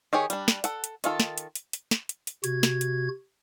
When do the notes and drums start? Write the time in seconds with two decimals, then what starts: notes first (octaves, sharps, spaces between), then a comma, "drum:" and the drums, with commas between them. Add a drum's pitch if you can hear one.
0.13 D#3 G4 G#4 C#5
0.30 G3 D4, drum: hi-hat
0.48 drum: snare
0.64 A4 F#5, drum: hi-hat
0.84 drum: hi-hat
1.04 D#3 F4 A4, drum: hi-hat
1.20 drum: snare
1.38 drum: hi-hat
1.55 drum: hi-hat
1.73 drum: hi-hat
1.91 drum: snare
2.09 drum: hi-hat
2.27 drum: hi-hat
2.44 C3 F#4 G#6, drum: hi-hat
2.63 drum: snare
2.81 drum: hi-hat